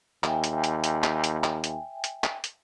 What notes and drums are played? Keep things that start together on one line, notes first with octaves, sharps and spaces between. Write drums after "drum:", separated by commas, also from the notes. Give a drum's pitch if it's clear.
D#2 E5 G5 G#5, drum: clap
drum: hi-hat
drum: hi-hat
drum: hi-hat
drum: clap
drum: hi-hat
drum: clap
drum: hi-hat
drum: hi-hat
drum: clap
drum: hi-hat